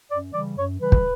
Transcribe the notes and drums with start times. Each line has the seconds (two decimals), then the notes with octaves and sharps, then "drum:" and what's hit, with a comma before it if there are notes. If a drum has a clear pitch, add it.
0.11 F#2 D5
0.33 C#3 E3 G3 D5
0.57 F#2 C#5
0.80 C#3 E3 G3 B4
0.92 drum: kick